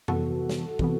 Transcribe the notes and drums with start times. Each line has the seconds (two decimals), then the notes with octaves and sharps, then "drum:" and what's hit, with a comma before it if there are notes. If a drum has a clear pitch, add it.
0.08 C3 E3 B3 F#4 A4, drum: tom F2
0.49 drum: snare
0.79 C3 E3 B3, drum: kick